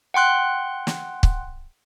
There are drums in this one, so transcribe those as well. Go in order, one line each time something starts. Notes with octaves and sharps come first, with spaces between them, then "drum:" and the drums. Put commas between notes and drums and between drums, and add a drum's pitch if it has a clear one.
F#5 G5 C6 F#6
drum: snare
drum: kick